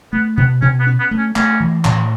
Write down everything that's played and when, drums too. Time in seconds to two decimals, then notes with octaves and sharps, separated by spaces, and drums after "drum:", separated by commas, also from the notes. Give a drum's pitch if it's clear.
0.13 A3 B3
0.37 B2 B3
0.62 B2 C#4
0.80 B3
0.87 C#4
1.00 B3
1.11 A3
1.18 C#4
1.36 A3 C#4, drum: clap
1.60 E3
1.85 A2, drum: clap